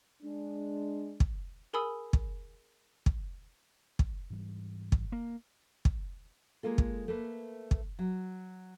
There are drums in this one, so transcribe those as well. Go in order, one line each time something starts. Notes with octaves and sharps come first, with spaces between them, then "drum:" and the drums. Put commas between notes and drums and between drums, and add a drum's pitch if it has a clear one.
G#3 D4
drum: kick
G#4 A#4 G#5 B5 D#6 E6
drum: kick
drum: kick
drum: kick
G#2 E3 G3
drum: kick
A#3
drum: kick
G#3 A#3 F4 A4
drum: kick
A3 A#3 B4
drum: kick
F#3